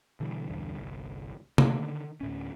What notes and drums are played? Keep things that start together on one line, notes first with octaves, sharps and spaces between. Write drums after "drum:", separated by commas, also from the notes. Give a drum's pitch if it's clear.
B2 D3 E3 G3
B1 E2 G2 D3
G1 C2
D3 D#3, drum: tom
D2 A2 C#4